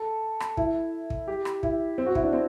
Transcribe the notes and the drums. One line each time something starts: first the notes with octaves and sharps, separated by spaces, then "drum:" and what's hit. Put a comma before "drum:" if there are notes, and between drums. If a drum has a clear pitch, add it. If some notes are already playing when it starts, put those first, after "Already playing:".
Already playing: A4
drum: rim click
E4, drum: kick
drum: kick
G4
drum: rim click
E4, drum: kick
C4
F#4
E4, drum: kick
D4
C4